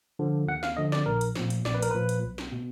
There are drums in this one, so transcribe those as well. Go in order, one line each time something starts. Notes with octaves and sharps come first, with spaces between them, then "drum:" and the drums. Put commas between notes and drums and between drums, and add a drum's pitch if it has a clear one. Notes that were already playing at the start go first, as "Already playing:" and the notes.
D3 F3
D#2 F#5
F5, drum: snare
D3 F3 D#5
D5, drum: snare
A#1 A#4
drum: hi-hat
A#2 F3, drum: snare
drum: hi-hat
A#1 D5, drum: snare
B4
A#4, drum: hi-hat
A#2 F3 B4
drum: hi-hat
B1
drum: snare
B2